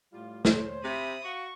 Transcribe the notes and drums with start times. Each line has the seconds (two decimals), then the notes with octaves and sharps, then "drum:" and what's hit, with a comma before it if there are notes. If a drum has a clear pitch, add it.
0.13 A2 G3 F4
0.45 C5 C#5, drum: snare
0.84 C3 E5 B5 D#6
1.25 F#4 F5 C#6